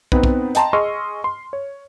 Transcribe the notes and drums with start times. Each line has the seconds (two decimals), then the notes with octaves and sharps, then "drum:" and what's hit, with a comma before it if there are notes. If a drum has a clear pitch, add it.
0.12 B3 C4 D#4 B4, drum: kick
0.24 drum: kick
0.55 D#5 G5 A5 A#5 C6, drum: hi-hat
0.73 G#4 D#5 C6 C#6 E6 F6
1.24 C6
1.53 C#5